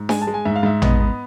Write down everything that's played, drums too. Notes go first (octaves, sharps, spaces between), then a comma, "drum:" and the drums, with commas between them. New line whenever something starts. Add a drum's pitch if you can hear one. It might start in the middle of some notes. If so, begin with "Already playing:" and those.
Already playing: G#2
G#3 G#5, drum: snare D4
A5
G#3
G#5
G#2 E5
F5
G#2 E5
B3 D#5, drum: tom
B3